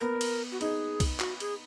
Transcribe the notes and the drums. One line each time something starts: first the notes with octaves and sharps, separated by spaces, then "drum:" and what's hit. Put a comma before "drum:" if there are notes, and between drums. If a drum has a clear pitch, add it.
B3 A#4
drum: cymbal
F#4
D#4 G#4, drum: cymbal
drum: kick C2, cymbal
F#4, drum: clap
G#4, drum: cymbal